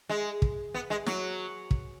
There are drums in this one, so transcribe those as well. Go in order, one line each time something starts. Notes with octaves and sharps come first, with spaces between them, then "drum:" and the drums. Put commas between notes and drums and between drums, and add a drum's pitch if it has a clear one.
G#3
drum: kick
B3
G#3
F#3, drum: snare
drum: kick